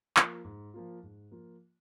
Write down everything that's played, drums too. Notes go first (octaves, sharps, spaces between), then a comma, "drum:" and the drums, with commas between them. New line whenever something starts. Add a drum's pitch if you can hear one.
F3 A#3 F4, drum: clap
G#2
F3 A#3 F4
G#2
F3 A#3 F4